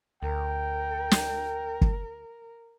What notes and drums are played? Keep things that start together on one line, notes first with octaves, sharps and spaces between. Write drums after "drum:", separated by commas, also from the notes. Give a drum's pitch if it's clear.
D2 A#4 G5
drum: snare
drum: kick